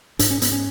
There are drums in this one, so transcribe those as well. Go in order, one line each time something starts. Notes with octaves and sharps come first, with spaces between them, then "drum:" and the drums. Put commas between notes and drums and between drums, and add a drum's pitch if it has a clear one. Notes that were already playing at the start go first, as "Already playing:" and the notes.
G#2 D4, drum: hi-hat
C#4
B3, drum: hi-hat
C#4